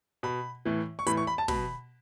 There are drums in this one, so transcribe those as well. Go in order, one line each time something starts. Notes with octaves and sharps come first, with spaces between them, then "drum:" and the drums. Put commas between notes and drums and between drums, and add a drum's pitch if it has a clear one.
B2 B5
A2 E3
C#6
A2 E3 B5, drum: hi-hat
C#6
B5
A5
B2 B5, drum: snare